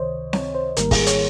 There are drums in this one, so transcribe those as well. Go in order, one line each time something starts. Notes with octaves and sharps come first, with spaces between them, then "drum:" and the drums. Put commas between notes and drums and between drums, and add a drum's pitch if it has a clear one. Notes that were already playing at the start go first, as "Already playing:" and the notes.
Already playing: C#2 C3 D#3 C5 C#5 D#5
C#5, drum: snare C4
C5
G#1 G#2 D#3 G3 A#3 A#4, drum: hi-hat
G#4, drum: kick, open hi-hat
C#5, drum: hi-hat